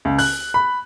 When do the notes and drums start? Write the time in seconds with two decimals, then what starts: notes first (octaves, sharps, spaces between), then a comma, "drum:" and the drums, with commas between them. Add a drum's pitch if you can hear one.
0.05 C#2
0.18 F#6, drum: open hi-hat
0.54 B5